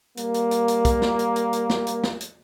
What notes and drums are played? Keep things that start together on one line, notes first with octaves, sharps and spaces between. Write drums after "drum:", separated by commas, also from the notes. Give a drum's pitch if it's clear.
G3 A#3, drum: hi-hat
drum: hi-hat
drum: hi-hat
drum: hi-hat
drum: kick, hi-hat
drum: snare
drum: hi-hat
drum: hi-hat
drum: hi-hat
drum: snare
drum: hi-hat
drum: snare
drum: hi-hat